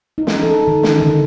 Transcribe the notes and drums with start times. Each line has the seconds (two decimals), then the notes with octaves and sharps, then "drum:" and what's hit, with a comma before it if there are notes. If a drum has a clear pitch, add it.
0.18 D#4
0.27 drum: snare
0.42 A4
0.68 D#3
0.83 drum: snare
1.02 D3